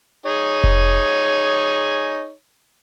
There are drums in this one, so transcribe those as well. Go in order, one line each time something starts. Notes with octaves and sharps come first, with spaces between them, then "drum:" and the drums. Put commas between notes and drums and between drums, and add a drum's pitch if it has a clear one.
D#4 G#4 C#5
drum: kick F1